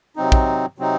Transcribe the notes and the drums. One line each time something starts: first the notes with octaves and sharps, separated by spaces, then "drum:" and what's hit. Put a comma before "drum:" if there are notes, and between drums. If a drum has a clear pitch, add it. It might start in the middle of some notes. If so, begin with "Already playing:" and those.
C3 F#3 C4 D#4
drum: kick
C3 F#3 C4 D#4